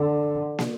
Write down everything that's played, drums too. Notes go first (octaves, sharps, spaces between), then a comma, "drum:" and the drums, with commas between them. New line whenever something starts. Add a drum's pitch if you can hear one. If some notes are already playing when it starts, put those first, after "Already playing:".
Already playing: D3
drum: snare